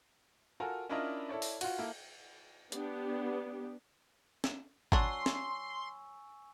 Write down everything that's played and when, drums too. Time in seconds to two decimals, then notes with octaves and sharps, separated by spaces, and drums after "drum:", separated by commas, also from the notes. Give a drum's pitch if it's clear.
0.60 F4 F#4 A4 A#4 G#5
0.89 C#4 D4 E4 F4 A#4 D#5
1.29 E4 A4 C#5 D5
1.42 drum: open hi-hat
1.61 F4 F#4, drum: cymbal
1.78 A#3 E4 A4
2.72 B3 D4 G4, drum: hi-hat
4.44 drum: snare
4.92 F#3 D4 G#5 C6 C#6 E6, drum: kick G#1
5.26 drum: snare